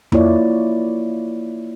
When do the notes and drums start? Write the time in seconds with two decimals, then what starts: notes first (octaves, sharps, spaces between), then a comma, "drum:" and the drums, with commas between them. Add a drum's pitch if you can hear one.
0.12 A#3 E4 F4 C#5 D5, drum: tom F2